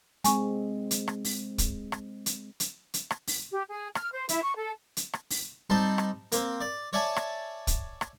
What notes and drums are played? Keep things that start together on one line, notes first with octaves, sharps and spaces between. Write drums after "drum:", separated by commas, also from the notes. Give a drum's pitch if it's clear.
G#3 C4 G#5 C#6, drum: hi-hat
drum: hi-hat
drum: rim click
drum: open hi-hat
drum: kick, hi-hat
drum: rim click
drum: hi-hat
drum: hi-hat
drum: hi-hat
drum: rim click
drum: open hi-hat
G4
G#4
F6, drum: rim click
C5
E4, drum: hi-hat
C#6
A4
drum: hi-hat
drum: rim click
drum: open hi-hat
G3 C4 D#4 A5 C6
drum: rim click
A#3 C4, drum: hi-hat
D5
C#5 D5 E5 G#5 A5
drum: rim click
drum: kick, hi-hat
drum: rim click